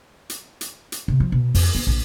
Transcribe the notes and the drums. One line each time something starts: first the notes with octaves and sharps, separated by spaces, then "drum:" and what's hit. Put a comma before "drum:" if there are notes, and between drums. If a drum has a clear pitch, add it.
drum: hi-hat
drum: hi-hat
drum: hi-hat
C3
F3
B2
F2, drum: open hi-hat
B3
A#1